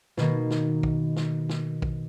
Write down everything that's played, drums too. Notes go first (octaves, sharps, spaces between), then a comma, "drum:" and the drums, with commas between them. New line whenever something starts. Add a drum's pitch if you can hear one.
B2 D#3 A#3, drum: snare
drum: snare
drum: kick A#1
drum: snare
drum: snare
drum: kick A#1